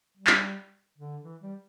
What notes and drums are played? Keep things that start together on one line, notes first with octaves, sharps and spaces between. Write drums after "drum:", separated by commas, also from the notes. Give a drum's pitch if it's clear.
G3
drum: clap
D3
E3
G3